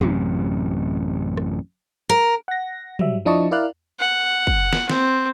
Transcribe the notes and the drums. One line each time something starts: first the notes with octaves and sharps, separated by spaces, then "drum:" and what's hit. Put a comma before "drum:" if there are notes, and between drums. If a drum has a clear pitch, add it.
A1 F#2 C3, drum: tom
drum: rim click
A#4
F#5 A#6
F#3 G3 E5, drum: tom
F3 D4 E4 D#5 A5 C#6
E4 A#4 D5 F5 F6 F#6
F#5
drum: kick
drum: snare
C4, drum: snare